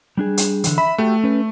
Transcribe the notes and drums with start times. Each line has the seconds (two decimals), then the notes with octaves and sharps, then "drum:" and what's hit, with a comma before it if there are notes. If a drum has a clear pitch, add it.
0.17 G3 D4 G#4
0.37 drum: hi-hat
0.64 D3 E3, drum: hi-hat
0.78 E5 B5
0.98 A3 F#4 G4 A4
1.24 C#4 B4